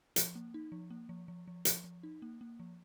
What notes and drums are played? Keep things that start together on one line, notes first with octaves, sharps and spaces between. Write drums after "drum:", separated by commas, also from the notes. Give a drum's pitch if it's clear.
F3, drum: hi-hat
A#3
D#4
F3
A#3
F3
F3
F3
F3, drum: hi-hat
F3
D#4
A#3
A#3
F3